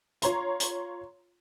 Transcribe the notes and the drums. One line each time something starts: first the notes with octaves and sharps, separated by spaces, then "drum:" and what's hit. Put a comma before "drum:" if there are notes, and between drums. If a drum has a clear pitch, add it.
F4 C#5 A#5 C6, drum: hi-hat
drum: hi-hat